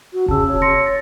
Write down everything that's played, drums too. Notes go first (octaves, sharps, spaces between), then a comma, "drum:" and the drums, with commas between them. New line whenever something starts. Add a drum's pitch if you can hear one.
F#4
C#3 A5 E6, drum: kick E1
C#5
C6 A#6 C#7
A6